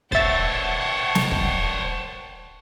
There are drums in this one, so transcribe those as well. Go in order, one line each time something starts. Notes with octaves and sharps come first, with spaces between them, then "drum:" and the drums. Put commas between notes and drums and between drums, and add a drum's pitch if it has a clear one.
C5 C#5 E5 F#5 G5 A5 A6, drum: kick
drum: snare
drum: kick